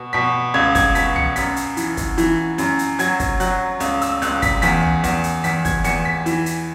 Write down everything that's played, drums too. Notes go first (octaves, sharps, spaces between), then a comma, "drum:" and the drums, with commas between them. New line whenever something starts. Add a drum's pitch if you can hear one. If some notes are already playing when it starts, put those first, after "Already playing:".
Already playing: B2
B2 B6
C#2 G#6
G#6, drum: kick, hi-hat
B2 B6, drum: hi-hat
C#7, drum: tom
F#2 B6, drum: hi-hat
drum: hi-hat
E3, drum: hi-hat
drum: kick, hi-hat
E3, drum: hi-hat
F#2, drum: hi-hat
drum: hi-hat
F#3 G#6, drum: hi-hat
drum: kick, hi-hat
F#3 F#6, drum: hi-hat
C#2, drum: hi-hat
E6, drum: hi-hat
C#2 F#6, drum: hi-hat
B6, drum: kick, hi-hat
E2 B6, drum: hi-hat
drum: tom
E2, drum: hi-hat
drum: hi-hat
E2 B6, drum: hi-hat
G#6, drum: kick, hi-hat
E2 C#7, drum: hi-hat
B6
E3, drum: hi-hat
drum: hi-hat